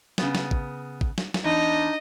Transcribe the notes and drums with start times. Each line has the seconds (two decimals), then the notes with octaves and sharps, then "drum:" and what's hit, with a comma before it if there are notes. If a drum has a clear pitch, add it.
0.18 C#3 B3, drum: snare
0.35 drum: snare
0.51 drum: kick
1.01 drum: kick
1.18 drum: snare
1.34 drum: snare
1.44 E2 D4 D#4 D#5